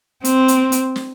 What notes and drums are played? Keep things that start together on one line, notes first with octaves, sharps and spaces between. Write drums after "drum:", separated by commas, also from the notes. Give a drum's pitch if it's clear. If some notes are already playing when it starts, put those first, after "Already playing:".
C4, drum: hi-hat
drum: hi-hat
drum: hi-hat
drum: snare